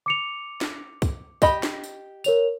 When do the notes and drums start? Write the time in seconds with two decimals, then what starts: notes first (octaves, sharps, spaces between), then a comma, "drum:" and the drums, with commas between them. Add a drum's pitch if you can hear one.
0.06 D6 C#7 F7
0.61 drum: snare
1.02 drum: kick, tambourine
1.42 G4 D#5 B5, drum: kick, tambourine
1.63 drum: snare
1.84 drum: tambourine
2.24 A#4 C#5 F7, drum: tambourine